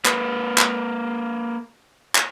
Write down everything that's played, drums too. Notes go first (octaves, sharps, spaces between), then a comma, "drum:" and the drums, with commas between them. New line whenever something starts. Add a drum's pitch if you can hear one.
A#3 B4, drum: clap
drum: clap
drum: clap